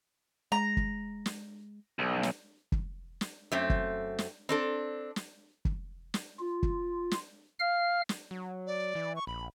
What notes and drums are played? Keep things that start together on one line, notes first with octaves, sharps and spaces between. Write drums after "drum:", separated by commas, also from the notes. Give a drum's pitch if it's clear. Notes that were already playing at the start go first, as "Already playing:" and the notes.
G#3 A#5
drum: kick
drum: snare
B1
drum: snare
drum: kick
drum: snare
F#2 A3 C4
drum: kick
drum: snare
C4 D4 A4
drum: snare
drum: kick
drum: snare
F4
drum: kick
drum: snare
F5 F6
drum: snare
F#3
D5
E3
C#6
A#1 B5